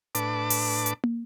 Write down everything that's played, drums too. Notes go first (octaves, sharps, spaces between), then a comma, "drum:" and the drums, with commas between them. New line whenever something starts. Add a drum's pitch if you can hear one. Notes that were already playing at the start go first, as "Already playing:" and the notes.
A2 D4 B4 A5 D6, drum: hi-hat
drum: open hi-hat
drum: hi-hat
drum: tom